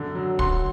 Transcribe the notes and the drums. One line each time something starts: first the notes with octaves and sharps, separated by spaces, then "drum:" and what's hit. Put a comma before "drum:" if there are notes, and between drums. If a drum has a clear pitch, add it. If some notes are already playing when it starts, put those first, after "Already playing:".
Already playing: F#2 D3
F#3
F#3 C6, drum: kick